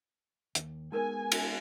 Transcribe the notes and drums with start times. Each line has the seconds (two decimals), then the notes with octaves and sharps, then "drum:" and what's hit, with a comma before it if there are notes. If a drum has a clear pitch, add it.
0.55 D#2, drum: hi-hat
0.92 G#3 B3 D#4 A#4 B4 G#5
1.32 drum: cymbal